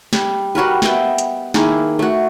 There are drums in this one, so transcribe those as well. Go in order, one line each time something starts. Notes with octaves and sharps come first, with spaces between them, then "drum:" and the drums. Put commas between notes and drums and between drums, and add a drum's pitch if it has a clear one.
G3, drum: snare
G3 F#4 A#4 B4
B3 D#5 E5 G5, drum: snare
drum: hi-hat
D#3 A#3 E4 G#4, drum: snare
A3 F#4